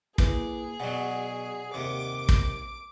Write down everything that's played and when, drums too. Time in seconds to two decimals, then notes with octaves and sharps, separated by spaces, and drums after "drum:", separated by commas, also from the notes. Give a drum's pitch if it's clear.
0.18 A#3 E4 G#4 B4 D6, drum: kick
0.80 B2 F#3 D5 F#5
1.74 D#2 C3 D6
2.29 drum: kick